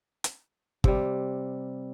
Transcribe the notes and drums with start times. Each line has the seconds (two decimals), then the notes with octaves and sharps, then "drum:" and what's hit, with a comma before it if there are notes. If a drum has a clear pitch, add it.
0.24 drum: hi-hat
0.84 C3 G3, drum: kick